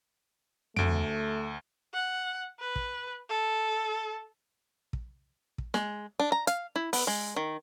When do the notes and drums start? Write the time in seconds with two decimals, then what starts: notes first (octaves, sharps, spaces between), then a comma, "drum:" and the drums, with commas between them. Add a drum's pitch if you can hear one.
0.76 D2 A3 D7, drum: tom
1.94 F#5
2.60 B4
2.76 drum: kick
3.29 A4
4.93 drum: kick
5.58 drum: kick
5.74 G#3, drum: snare
6.20 D4
6.32 A#5
6.47 F5, drum: hi-hat
6.76 E4
6.93 B3, drum: open hi-hat
7.07 G#3
7.36 D#3